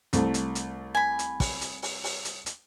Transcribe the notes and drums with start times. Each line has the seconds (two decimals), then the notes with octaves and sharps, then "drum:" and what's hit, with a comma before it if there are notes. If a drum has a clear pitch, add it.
0.13 C2 A3, drum: hi-hat
0.34 drum: hi-hat
0.55 drum: hi-hat
0.95 G#5 B5
1.19 drum: hi-hat
1.40 drum: kick, open hi-hat
1.61 drum: hi-hat
1.82 drum: open hi-hat
2.04 drum: open hi-hat
2.25 drum: hi-hat
2.46 drum: hi-hat